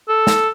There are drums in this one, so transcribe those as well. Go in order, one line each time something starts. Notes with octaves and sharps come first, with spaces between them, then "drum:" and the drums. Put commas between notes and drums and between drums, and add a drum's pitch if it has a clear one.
A4
drum: snare